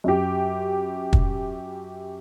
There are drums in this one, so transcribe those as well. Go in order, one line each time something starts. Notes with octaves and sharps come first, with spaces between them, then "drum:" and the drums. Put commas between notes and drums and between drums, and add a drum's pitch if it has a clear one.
F#2 G4
drum: kick